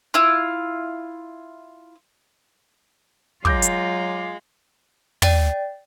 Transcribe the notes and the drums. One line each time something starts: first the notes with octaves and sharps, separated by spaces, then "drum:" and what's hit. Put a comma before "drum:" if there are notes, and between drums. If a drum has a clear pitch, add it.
E4 F4
F#3 G#3 F4 D6 G6 A#6, drum: kick
drum: hi-hat
D5 G5 A6, drum: tom